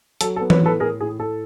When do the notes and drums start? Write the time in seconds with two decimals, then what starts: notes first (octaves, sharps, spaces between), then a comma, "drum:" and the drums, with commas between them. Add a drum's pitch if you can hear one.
0.21 F#3 A4, drum: hi-hat
0.36 A4
0.41 B3
0.50 B4 C#5, drum: tom E3
0.61 A2 A4 B4
0.80 A2 G#4 A#4
1.01 A2 G#4
1.19 A2 A4